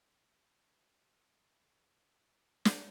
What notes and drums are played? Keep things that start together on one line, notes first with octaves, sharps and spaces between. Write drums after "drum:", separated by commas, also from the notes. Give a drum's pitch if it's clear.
G#2
drum: snare